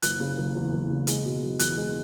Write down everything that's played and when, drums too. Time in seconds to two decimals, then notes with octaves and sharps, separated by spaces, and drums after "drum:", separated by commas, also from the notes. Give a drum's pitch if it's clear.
0.02 F#1 F#6, drum: hi-hat
0.20 C#3
0.38 F#1
0.55 E2
0.73 F#1
0.90 C#3
1.07 G#3, drum: hi-hat
1.24 B2
1.42 F#1
1.59 E2 F#6, drum: hi-hat
1.77 G#3